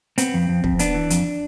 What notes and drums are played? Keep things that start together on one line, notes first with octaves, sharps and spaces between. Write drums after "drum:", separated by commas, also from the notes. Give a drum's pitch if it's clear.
B3 C4, drum: hi-hat
F2
F2
F2, drum: kick
B3 D4, drum: hi-hat
E3
F2, drum: hi-hat